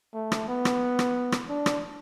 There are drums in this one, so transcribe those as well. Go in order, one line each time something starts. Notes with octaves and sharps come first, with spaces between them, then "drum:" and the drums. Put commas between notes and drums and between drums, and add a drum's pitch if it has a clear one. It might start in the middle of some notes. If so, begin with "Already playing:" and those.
A3
drum: rim click
B3
drum: rim click
drum: rim click
drum: rim click
D4
drum: rim click